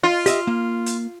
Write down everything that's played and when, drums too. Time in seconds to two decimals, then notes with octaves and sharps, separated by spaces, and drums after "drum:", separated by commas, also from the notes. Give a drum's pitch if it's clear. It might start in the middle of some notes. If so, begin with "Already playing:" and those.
0.03 F4
0.26 G4 D#5 E5, drum: hi-hat
0.47 A#3
0.86 drum: hi-hat